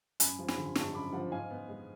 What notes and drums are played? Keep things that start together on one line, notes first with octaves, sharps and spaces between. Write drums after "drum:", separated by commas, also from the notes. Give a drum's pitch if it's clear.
F#2 G#5 B5, drum: hi-hat
F3
G#5 B5, drum: snare
D3
G#3 A5 C#6, drum: snare
F#2 B5 D6
F3 F#5
G#2 F5 G#5
B3
G#3